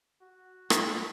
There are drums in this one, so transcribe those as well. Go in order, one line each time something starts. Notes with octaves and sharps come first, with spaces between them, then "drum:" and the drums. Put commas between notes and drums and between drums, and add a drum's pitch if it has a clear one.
F#4
B6, drum: rim click